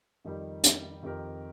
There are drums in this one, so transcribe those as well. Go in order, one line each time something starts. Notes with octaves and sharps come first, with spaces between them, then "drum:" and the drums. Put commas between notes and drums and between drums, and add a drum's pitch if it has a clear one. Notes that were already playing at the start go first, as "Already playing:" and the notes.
F2 D#3 G3 D#4
drum: hi-hat
F2 D#3 C4 G4 A#4